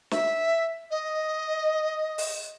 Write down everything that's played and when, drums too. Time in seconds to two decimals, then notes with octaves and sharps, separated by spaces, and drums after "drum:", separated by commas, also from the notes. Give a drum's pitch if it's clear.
0.11 E5, drum: snare
0.90 D#5
2.18 drum: open hi-hat